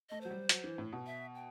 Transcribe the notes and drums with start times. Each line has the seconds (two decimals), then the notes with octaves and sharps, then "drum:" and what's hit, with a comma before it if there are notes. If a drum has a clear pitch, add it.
0.10 A3 D#5
0.21 F#3 C5
0.30 G3
0.49 F#3, drum: hi-hat
0.64 E3
0.78 A2
0.92 B2
1.06 E5
1.35 G5